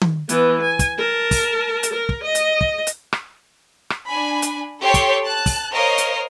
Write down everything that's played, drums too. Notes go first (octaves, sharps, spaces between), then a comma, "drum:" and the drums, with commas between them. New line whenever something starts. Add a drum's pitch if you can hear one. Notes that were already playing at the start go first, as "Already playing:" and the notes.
drum: tom D#3
E3 B3, drum: hi-hat
G#5
drum: kick, hi-hat
A#4 A5
drum: kick, open hi-hat
drum: hi-hat
A#4
drum: kick
D#5
drum: hi-hat
drum: kick
drum: hi-hat
drum: rim click
drum: rim click
D4 G#5 B5
drum: hi-hat
G4 A4 C#5 G5 C6
drum: kick, hi-hat
A5 F#6
drum: kick, open hi-hat
A#4 C5 C#5 D#5 F5
drum: hi-hat